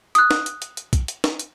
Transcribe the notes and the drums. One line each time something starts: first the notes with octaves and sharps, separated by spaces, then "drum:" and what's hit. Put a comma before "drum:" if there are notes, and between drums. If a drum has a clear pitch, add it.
D#6 F#6, drum: hi-hat
drum: snare
drum: hi-hat
drum: hi-hat
drum: hi-hat
drum: kick, hi-hat
drum: hi-hat
drum: snare
drum: hi-hat